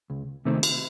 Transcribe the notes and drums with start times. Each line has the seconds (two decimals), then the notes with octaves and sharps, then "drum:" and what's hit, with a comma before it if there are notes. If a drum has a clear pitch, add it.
0.10 C#2
0.45 C3 D#3 A3 C4
0.63 drum: cymbal